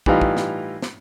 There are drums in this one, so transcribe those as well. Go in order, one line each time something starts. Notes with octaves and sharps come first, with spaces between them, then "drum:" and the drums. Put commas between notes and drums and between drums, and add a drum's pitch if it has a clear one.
A2 E3 G3 D#4 F4, drum: kick
drum: kick
drum: snare
drum: snare